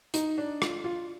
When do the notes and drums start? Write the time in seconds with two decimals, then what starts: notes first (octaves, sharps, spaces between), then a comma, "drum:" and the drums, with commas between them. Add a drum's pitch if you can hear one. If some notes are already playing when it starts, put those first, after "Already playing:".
0.14 D#4, drum: hi-hat
0.38 D4
0.62 F4, drum: rim click
0.84 F4